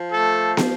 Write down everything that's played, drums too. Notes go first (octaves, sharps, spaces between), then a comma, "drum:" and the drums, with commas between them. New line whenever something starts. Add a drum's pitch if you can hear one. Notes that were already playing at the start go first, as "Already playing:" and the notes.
Already playing: F3
A3 A4
drum: snare